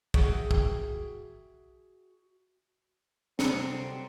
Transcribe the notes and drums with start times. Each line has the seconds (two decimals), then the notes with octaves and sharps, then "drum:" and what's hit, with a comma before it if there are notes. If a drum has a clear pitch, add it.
0.14 F#4 G#4 E5 G5, drum: kick
0.51 drum: kick
3.39 C3 F#3 G3 C4 D#4 A4 C#7, drum: snare